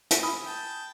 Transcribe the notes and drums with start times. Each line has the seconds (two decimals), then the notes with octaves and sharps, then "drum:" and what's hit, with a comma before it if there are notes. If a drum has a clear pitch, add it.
0.11 drum: hi-hat
0.22 G#5 B5 D#6
0.46 G5 A5